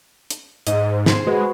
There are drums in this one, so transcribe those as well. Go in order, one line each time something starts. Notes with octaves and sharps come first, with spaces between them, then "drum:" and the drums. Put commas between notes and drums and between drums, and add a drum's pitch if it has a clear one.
drum: hi-hat
G#2 D#5, drum: hi-hat
G#4 C5, drum: snare
G#3 F#4 B4